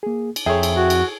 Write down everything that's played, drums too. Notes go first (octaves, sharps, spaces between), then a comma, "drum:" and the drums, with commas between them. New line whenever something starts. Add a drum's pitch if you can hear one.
A#3 G#4
drum: cymbal
F2 C4 E4 G#4 A4 C#5 E5 G5
drum: cymbal
F#4
drum: cymbal